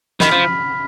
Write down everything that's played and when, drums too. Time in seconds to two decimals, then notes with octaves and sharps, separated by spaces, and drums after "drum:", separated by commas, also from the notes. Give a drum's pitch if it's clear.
0.20 D#3 B5 F6 B6, drum: snare
0.32 F3